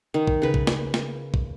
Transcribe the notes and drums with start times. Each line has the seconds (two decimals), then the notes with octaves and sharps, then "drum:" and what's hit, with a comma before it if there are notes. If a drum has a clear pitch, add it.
0.14 D#3
0.27 drum: kick
0.42 C#3 B4
0.54 drum: kick
0.67 drum: snare
0.94 drum: snare
1.34 drum: kick